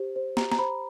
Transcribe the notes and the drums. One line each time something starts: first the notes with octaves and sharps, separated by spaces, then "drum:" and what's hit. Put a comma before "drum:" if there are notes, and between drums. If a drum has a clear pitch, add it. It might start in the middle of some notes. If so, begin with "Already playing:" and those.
Already playing: G4 C5
C5
G4 A#5, drum: snare
A#5, drum: snare
C5 B5